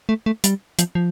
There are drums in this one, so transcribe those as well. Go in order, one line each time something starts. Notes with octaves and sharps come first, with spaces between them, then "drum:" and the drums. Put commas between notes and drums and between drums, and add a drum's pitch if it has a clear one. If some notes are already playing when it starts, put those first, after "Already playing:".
A3
A3
G3, drum: hi-hat
F3, drum: hi-hat
F3